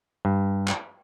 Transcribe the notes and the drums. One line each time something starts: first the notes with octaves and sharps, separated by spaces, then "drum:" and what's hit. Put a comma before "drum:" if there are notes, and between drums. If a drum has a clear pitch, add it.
G2
drum: clap